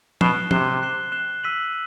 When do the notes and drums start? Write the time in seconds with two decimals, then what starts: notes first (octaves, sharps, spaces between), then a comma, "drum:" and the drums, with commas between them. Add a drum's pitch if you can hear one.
0.21 B2 F#6 C7 E7 G7, drum: tom
0.51 C3 F#6 C7 E7 G7, drum: tom
0.82 F#6 C7 E7 G7
1.12 F#6 C7 E7 G7
1.44 E6 B6 D#7 F#7